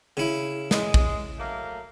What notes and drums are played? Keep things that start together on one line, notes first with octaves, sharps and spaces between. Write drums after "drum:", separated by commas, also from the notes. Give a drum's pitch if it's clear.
C#3 E4
G#3, drum: snare
drum: kick
F#3 A3 A#3